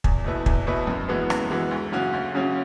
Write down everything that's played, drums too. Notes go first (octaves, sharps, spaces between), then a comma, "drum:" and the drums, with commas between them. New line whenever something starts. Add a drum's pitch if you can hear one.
E2, drum: kick
B2 A3 E4 B4
E2, drum: kick
B2 A3 E4 B4
F#2
E3 G#3 B3 F#4
F#2, drum: rim click
E3 G#3 B3 F#4
D2
C#3 F#3 C#4 F#4
D2
C#3 F#3 C#4 F#4